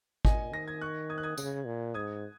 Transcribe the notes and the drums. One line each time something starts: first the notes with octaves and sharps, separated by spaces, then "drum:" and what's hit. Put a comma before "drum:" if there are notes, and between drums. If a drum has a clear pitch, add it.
A#2 D#5 G#5, drum: kick
D#3 A#6
G#6
C#6 F#6
D#6 G#6
F#6
D#6 G#6
C#3, drum: tambourine
A#2
G#2 D#6 G#6